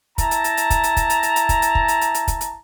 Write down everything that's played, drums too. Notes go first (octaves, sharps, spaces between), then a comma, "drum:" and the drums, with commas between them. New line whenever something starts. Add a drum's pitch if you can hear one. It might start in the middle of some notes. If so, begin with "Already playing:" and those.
E4 A5 A#5, drum: kick, hi-hat
drum: hi-hat
drum: hi-hat
drum: hi-hat
drum: kick, hi-hat
drum: hi-hat
drum: kick, hi-hat
drum: hi-hat
drum: hi-hat
drum: hi-hat
drum: kick, hi-hat
drum: hi-hat
drum: kick
drum: hi-hat
drum: hi-hat
drum: hi-hat
drum: kick, hi-hat
drum: hi-hat